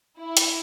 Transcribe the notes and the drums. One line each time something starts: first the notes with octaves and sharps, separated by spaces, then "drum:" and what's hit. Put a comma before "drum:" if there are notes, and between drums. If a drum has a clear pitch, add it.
E4
drum: hi-hat